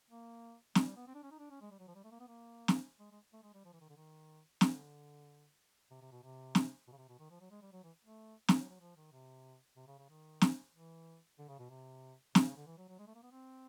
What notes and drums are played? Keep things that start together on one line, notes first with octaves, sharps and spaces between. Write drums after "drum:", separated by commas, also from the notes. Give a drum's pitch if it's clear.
A#3
G#3, drum: snare
G3
B3
C4
D4
C#4
D#4
D4
C#4
G#3
G3
F#3
F3
G3
A3
A#3
B3
A#3
drum: snare
G#3
G#3
A3
G#3
G3
F3
E3
D#3
D3
D#3
D3, drum: snare
C3
C3
B2
C3
drum: snare
B2
C#3
C3
B2
D#3
F3
F#3
G#3
G3
F#3
E3
A3
A#3, drum: snare
F#3
F#3
F3
D#3
C3
C3
C#3
C#3
D#3
drum: snare
E3
D3
C#3
B2
C3
C3, drum: snare
C#3
D3
E3
F#3
F#3
G#3
A3
A#3
B3
C4